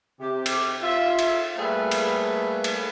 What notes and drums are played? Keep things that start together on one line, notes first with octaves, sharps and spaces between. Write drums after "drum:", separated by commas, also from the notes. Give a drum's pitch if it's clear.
C3 G4
drum: cymbal
F4 E5
drum: cymbal
G3 A3 A#3 G#4 A4 B4
drum: cymbal
drum: cymbal